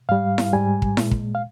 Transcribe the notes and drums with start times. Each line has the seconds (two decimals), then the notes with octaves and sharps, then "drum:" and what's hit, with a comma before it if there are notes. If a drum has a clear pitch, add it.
0.09 G#2 G3 F5
0.38 drum: snare E4
0.53 G#2 G3 G#5
0.82 drum: kick
0.97 A#2 G#3, drum: snare E4
1.11 drum: kick
1.35 F5